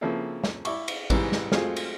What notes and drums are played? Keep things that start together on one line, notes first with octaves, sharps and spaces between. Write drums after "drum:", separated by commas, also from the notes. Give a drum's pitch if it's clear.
C#3 F3 A#3 C4 E4 A4
drum: snare
E4 D5 C#6, drum: cymbal
drum: cymbal
G#2 C3 E3 G3 G#3 C#4, drum: kick A1, cymbal
drum: snare
F#3 G#3 A3 C4 F4 G#4, drum: snare
drum: cymbal